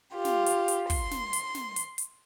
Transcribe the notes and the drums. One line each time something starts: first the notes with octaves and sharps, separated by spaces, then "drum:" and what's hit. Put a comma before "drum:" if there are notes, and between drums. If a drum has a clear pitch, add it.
F4 G4
drum: snare
drum: hi-hat
drum: hi-hat
C6, drum: kick, open hi-hat
drum: snare
drum: hi-hat
drum: snare
drum: hi-hat
drum: hi-hat